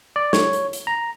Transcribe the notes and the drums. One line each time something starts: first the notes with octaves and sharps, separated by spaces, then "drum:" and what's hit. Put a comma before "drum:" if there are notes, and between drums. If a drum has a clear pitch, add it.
D5
C#5, drum: snare
drum: hi-hat
drum: hi-hat
A#5